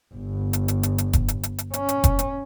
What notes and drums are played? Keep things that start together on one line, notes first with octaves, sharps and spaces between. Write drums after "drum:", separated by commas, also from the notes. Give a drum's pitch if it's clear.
G1
drum: hi-hat
drum: hi-hat
drum: hi-hat
drum: hi-hat
drum: kick F1, hi-hat
drum: hi-hat
drum: hi-hat
drum: hi-hat
C#4, drum: hi-hat
drum: hi-hat
drum: kick F1, hi-hat
drum: hi-hat